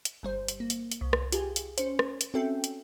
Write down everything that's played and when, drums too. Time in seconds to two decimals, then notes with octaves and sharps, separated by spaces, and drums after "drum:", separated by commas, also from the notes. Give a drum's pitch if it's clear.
0.05 drum: hi-hat
0.23 G1 G3 C5
0.48 drum: hi-hat
0.60 A#3
0.70 drum: hi-hat
0.92 drum: hi-hat
1.01 C2
1.13 drum: rim click
1.32 F4 G4 G#4 G#5, drum: hi-hat
1.56 drum: hi-hat
1.78 C#4 C5, drum: hi-hat
1.99 drum: rim click
2.21 drum: hi-hat
2.34 C4 C#4 F#4 A4 E5 G5
2.64 drum: hi-hat